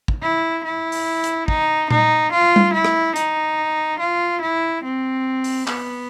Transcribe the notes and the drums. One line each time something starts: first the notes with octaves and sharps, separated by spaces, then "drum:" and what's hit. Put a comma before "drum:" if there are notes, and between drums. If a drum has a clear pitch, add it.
drum: kick
E4
E4
drum: open hi-hat
drum: hi-hat
D#4, drum: kick
D#4, drum: tom A#2
F4
drum: tom G3
E4
drum: rim click
D#4, drum: hi-hat
F4
E4
C4
drum: open hi-hat
B3, drum: clap